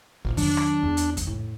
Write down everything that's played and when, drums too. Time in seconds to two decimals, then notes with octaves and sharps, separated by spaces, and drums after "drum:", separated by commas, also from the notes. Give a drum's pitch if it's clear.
0.25 G#1 A#2
0.37 D#3 F#3 D4, drum: kick F2, open hi-hat
0.57 drum: rim click
0.83 E2
0.97 drum: hi-hat
1.17 drum: kick F2, hi-hat
1.27 A2